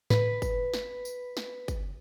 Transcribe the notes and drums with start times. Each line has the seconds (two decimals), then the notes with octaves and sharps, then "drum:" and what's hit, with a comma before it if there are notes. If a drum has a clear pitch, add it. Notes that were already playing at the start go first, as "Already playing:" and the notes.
0.10 A2 B4, drum: snare
0.42 drum: kick, tambourine
0.74 drum: snare
1.05 drum: tambourine
1.37 drum: snare
1.68 drum: kick, tambourine